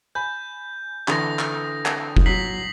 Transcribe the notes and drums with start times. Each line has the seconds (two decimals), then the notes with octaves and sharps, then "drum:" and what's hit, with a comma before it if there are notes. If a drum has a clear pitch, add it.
0.15 G#5 B5 G6
1.08 D3 E3 D#6 A#6, drum: clap
1.39 drum: clap
1.86 drum: clap
2.17 drum: kick F1
2.26 F#3 B6 C7 F#7